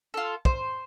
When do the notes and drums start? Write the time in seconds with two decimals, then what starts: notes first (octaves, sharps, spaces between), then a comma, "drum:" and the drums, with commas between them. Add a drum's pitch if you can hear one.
0.14 F4 A4
0.45 C5, drum: kick